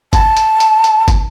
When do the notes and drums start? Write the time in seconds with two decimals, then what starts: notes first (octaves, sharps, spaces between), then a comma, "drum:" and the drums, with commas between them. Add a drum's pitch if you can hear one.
0.13 A5, drum: kick, hi-hat
0.37 drum: hi-hat
0.60 drum: hi-hat
0.84 drum: hi-hat
1.08 drum: kick, hi-hat